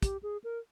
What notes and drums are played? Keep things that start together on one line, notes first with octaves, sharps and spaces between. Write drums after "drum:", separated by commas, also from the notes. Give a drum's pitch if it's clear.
G4, drum: kick, hi-hat
G#4
A#4